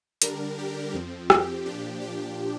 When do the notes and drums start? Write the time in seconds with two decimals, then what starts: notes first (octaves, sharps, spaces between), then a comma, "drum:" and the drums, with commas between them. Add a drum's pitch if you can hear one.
0.22 D3 G3 D4 A#4, drum: hi-hat
0.58 G4
0.93 F2 F3 C4
1.30 G4, drum: rim click
1.66 A#2 F3 D4 G4
2.02 G4